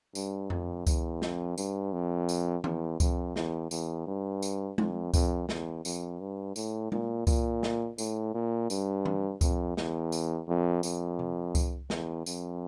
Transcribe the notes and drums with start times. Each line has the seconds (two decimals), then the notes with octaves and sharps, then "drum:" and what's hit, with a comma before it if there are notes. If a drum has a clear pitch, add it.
0.15 G2, drum: tambourine
0.50 F2, drum: tom F2
0.87 E2, drum: kick C2, tambourine
1.22 F2, drum: snare
1.58 G2, drum: tambourine
1.93 F2
2.29 drum: tambourine
2.64 E2, drum: tom E3
3.00 F2, drum: kick C2, tambourine
3.36 E2, drum: snare
3.71 E2, drum: tambourine
4.07 G2
4.42 drum: tambourine
4.78 F2, drum: tom G#3
5.14 F2, drum: kick C2, tambourine
5.49 E2, drum: snare
5.85 F2, drum: tambourine
6.20 G2
6.56 A2, drum: tambourine
6.92 A#2, drum: tom G#3
7.27 A#2, drum: kick C2, tambourine
7.63 drum: snare
7.98 A2, drum: tambourine
8.34 A#2
8.70 G2, drum: tambourine
9.05 drum: tom E3
9.41 F2, drum: kick C2, tambourine
9.77 E2, drum: snare
10.12 drum: tambourine
10.48 F2
10.83 F2, drum: tambourine
11.19 drum: tom C3
11.55 drum: kick C2, tambourine
11.90 E2, drum: snare
12.26 F2, drum: tambourine